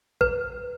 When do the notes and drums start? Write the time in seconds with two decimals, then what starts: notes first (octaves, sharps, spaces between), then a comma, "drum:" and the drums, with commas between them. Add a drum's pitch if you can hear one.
0.21 B4, drum: kick A1